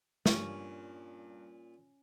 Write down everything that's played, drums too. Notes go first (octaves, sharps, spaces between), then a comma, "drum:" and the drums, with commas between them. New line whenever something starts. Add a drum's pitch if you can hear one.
G2 A#2 C#4, drum: snare